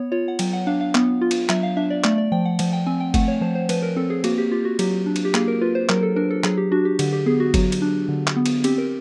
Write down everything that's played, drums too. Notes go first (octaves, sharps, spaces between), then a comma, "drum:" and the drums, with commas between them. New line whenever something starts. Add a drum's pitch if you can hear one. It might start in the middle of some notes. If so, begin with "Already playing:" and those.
Already playing: B3 C#5
F4 C#5
F#5
F#3 G5, drum: cymbal
F#5
D4 F5
F5
B3, drum: clap
F4
drum: cymbal
F#3 E5, drum: clap
F5
D4 E5
D5
A3 D5, drum: clap
D5
F3 G5
F#5
F3 F#5, drum: cymbal
G5
C4 G#5
G5
A3 F#5, drum: kick G1, cymbal
C#5
F3 C5
C5
F3 B4, drum: cymbal
A#4
C4 A4
G#4
A#3 F#4, drum: cymbal
G4
F4 G4
F#4
F#3 G4, drum: cymbal
D4
drum: cymbal
G4
A#3 G#4, drum: clap
A#4
F4 B4
C5
F#3 A#4, drum: clap
A4
D4 A#4
A4
F#3 G#4, drum: clap
G4
D4 F#4
G4
D3 G4, drum: cymbal
G4
B3 G#4
F#4
F#3, drum: kick G1, cymbal
drum: cymbal
D4
D3
drum: clap
B3
drum: cymbal
C4 G4, drum: cymbal
A#4